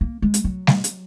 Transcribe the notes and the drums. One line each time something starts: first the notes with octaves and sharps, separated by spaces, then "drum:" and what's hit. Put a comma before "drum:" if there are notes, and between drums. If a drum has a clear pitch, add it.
A#3
G#3
drum: hi-hat
F#3
drum: snare G3
drum: hi-hat